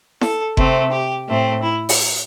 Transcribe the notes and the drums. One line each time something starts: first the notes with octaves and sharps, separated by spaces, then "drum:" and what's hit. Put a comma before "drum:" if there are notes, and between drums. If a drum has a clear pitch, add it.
A4, drum: snare E4
C3 A3 C4, drum: kick F#1
G4
A2 A3 C4
E4
drum: open hi-hat